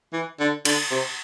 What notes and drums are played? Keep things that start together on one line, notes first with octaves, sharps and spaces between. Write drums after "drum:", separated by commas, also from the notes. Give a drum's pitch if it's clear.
E3
D3
D3, drum: cymbal
C3